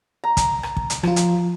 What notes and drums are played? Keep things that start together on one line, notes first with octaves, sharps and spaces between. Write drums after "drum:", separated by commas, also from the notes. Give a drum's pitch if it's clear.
A#5
drum: kick, hi-hat
drum: rim click
drum: kick
drum: hi-hat
F3 F4, drum: rim click
drum: hi-hat